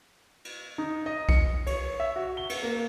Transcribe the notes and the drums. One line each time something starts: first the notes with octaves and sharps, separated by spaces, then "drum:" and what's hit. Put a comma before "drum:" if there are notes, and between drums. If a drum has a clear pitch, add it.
drum: cymbal
D#4
D#5
C#7, drum: kick B1
C#5, drum: cymbal
E5
F#4
G7
drum: cymbal
A#3